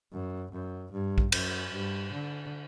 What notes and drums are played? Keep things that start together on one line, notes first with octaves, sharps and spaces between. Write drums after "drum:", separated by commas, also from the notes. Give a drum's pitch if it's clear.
F#2
F#2
G2
drum: kick A#1
F#2, drum: cymbal
G2
D3